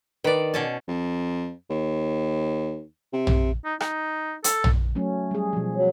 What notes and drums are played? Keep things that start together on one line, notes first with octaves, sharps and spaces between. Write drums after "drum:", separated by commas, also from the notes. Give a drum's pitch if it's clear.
D#3 B4 D5
B2 C#4 A5
F2
D#2
C3
drum: tom A#1
D#4
D#4, drum: rim click
A4, drum: hi-hat
drum: tom A#1
F#3 A3 C#4
G3 G#4
B2 F3
F#3